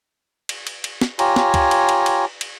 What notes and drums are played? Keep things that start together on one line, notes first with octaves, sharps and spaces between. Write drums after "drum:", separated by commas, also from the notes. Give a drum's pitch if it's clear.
drum: cymbal
drum: cymbal
drum: cymbal
drum: snare
F4 G4 C#5 G#5 A#5, drum: cymbal
drum: snare
drum: kick C2, cymbal
drum: cymbal
drum: cymbal
drum: cymbal
drum: cymbal